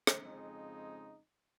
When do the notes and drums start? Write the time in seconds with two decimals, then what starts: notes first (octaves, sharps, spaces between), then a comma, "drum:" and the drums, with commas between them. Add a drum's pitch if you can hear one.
0.07 drum: rim click
0.24 F2 C#3 G#3 C4 D#4